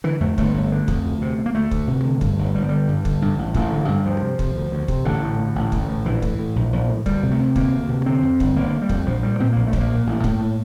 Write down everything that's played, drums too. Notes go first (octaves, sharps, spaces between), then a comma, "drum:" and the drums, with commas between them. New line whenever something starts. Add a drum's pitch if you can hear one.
D3 E3
F2 A3
G1 A3, drum: kick
G1
D3
F2, drum: kick
D2
C3
C3
A#3
D2 A3
D2, drum: kick
C3
D3
G2, drum: kick
G1
G1 G3
F3
D3 G3
G2
D3, drum: kick
G2
A1
A1, drum: kick
D3
G2
D2 F3
C3
C3, drum: kick
D2
D2
C3, drum: kick
A1 D3
A2
A2
A1
A1, drum: kick
A2
A#1 E3
A2, drum: kick
A2
A#1
A#1
A2
D2 G3, drum: kick
C3
A3
C3
D2 A#3, drum: kick
D2
C3
D3 C4
F2
G1, drum: kick
G1 A#3
D3
G3
F2, drum: kick
A#1 F3
A#2 G3
A#2 C4
A#1 A#3
A3
A#1, drum: kick
A#3
A#2
A1
A2, drum: kick
A2